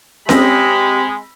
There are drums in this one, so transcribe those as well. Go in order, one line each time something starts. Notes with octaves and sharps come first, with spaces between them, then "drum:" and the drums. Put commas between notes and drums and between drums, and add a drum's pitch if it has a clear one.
G#3 C4 G4 B5 E6 A#6, drum: snare C#4